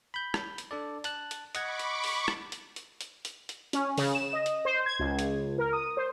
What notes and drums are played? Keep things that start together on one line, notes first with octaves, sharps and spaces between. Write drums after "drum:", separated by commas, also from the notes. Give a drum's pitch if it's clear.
B5 G6
drum: rim click
drum: hi-hat
D4 A4 D5
A5 F#6, drum: hi-hat
drum: hi-hat
D#5 F#5 B5 C#6 D6 G#6, drum: hi-hat
drum: hi-hat
drum: open hi-hat
drum: rim click
drum: hi-hat
drum: hi-hat
drum: hi-hat
drum: hi-hat
drum: hi-hat
C#4, drum: hi-hat
C#3, drum: open hi-hat
E7
D#5
drum: hi-hat
C5
G#6
C#2
drum: hi-hat
A#4
D#6
C5